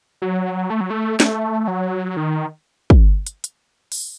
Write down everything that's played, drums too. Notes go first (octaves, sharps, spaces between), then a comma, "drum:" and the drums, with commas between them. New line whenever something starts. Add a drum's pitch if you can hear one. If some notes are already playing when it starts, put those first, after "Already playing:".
F#3
A3
F#3
A3
A3, drum: snare
F#3
D#3
drum: kick
drum: hi-hat
drum: hi-hat
drum: open hi-hat